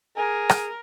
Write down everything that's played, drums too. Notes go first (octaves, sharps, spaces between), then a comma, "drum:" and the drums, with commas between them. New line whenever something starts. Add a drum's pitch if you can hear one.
G#4 A#4 G#5
drum: rim click